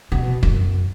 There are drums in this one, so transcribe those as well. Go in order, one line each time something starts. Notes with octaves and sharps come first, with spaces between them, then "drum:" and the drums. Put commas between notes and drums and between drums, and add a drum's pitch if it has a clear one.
B2
F#2, drum: kick